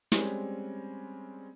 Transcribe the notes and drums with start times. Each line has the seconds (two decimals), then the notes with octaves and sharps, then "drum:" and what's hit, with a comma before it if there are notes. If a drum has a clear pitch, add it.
0.12 G3 G#3 C4 C#4, drum: snare